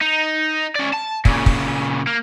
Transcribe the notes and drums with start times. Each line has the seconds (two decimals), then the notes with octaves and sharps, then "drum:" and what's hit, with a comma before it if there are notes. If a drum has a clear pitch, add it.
0.01 D#4
0.75 C#4 D5
0.94 A5
1.25 A#2 C#3, drum: kick
1.46 drum: kick
2.07 A#3